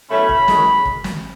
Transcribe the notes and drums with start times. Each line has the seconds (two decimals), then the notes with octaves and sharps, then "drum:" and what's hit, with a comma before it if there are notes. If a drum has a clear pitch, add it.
0.10 B2 F#3 A3 C#4 E4 B5
0.29 drum: kick
0.48 F#2 D#3 G#3 C#4, drum: snare
0.85 drum: kick
1.04 drum: snare